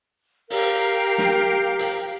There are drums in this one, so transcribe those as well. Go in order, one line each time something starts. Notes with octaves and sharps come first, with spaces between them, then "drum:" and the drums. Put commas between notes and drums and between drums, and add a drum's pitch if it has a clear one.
G4 A#4 F5, drum: open hi-hat
drum: snare
drum: hi-hat